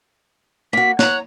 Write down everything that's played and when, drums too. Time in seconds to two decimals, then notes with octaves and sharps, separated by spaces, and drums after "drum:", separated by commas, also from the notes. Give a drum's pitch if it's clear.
0.73 A#3 F#4 B6
0.99 C#5 A#5 F#6, drum: snare